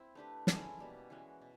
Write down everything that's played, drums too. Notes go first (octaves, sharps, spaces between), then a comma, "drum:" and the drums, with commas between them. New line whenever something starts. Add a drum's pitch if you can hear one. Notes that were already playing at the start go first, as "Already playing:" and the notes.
Already playing: C4 E4
A3 D4 G4 B4
G#3 C#4 E4 A4, drum: snare
B2 G3 A#3
E3 G#3 C#4 F#4
B2